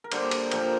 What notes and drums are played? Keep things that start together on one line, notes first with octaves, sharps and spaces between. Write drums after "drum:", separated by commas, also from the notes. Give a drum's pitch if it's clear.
A#4
D3 G3 A#3 C5, drum: cymbal
A#4, drum: cymbal
A#2 F3 A#3 G4, drum: cymbal